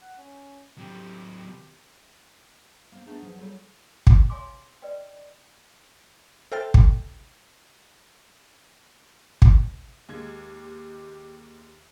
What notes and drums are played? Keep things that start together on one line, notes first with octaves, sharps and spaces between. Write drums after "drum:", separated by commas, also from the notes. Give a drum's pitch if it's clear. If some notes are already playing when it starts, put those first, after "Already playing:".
F#5
C#4
F#3 C4 G4
G4
A#3 C4
A3 B3 D4 D#4 G#4
F3 F#3 G#4 B4
F#3 G3 F4 G#4 A4 C#5
drum: kick
C#5 E5 F5 G#5 C6 D6
B4 D5 D#5 G5
A4 C5 E5 G5 F6 A6
drum: kick
drum: kick
D#2 G#3 G4 G#6